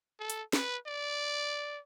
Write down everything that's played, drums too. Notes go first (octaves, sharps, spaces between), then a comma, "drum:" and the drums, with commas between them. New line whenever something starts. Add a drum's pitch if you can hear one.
A4
drum: hi-hat
B4, drum: snare
D5